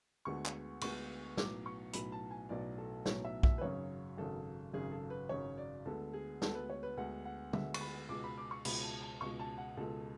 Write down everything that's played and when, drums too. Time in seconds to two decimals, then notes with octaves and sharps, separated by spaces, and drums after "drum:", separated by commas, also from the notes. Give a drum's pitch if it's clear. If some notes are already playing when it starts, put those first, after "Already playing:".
0.25 D2 D3 G#3 B3 C#6
0.46 drum: clap
0.81 D2 D3 G#3 B3 C#6, drum: cymbal
1.37 B1 A2 F#3 B3 D6, drum: snare
1.66 C#6
1.93 B1 A2 F#3 B3 B5, drum: hi-hat
2.12 A5
2.31 G#5
2.49 B1 A2 F#3 B3 D5
2.78 A4
3.06 B1 A2 F#3 B3 C#5, drum: snare
3.25 E5
3.43 E5, drum: kick
3.58 B4
3.61 G#1 F#2 C#3 F#3 C#5
4.18 G#1 F#2 C#3 F#3 A4
4.73 G#1 F#2 C#3 F#3 G#4
4.92 A4
5.10 B4
5.29 G#1 F#2 C#3 F#3 C#5
5.58 D5
5.85 D2 D3 G#3 B3 A4
6.14 G#4
6.42 D2 D3 G#3 B3 A4, drum: snare
6.55 B4
6.70 C#5
6.83 B4
6.97 D2 D3 G#3 B3 F#5
7.25 F#5
7.53 D2 D3 G#3 B3 E5, drum: tom
7.74 C#6, drum: cymbal
7.81 B5
8.09 C#2 B2 G#3 D6
8.24 B5
8.38 D6
8.51 C#6
8.65 C#2 B2 G#3 B5, drum: cymbal
8.83 A5
9.02 A5
9.21 C#2 B2 G#3 C#6
9.39 A5
9.58 F#5
9.77 C#2 B2 G#3 A4